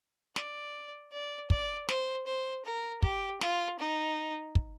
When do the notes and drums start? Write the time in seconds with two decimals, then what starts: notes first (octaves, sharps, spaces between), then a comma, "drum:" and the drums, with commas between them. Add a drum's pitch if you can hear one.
0.36 D5, drum: snare
1.12 D5
1.50 D5, drum: kick
1.89 C5, drum: snare
2.27 C5
2.65 A#4
3.03 G4, drum: kick
3.41 F4, drum: snare
3.79 D#4
4.55 drum: kick